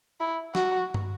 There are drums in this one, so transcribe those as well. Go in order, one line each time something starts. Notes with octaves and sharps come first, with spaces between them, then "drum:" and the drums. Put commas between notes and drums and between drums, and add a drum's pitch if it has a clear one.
E4
F#4, drum: snare
drum: tom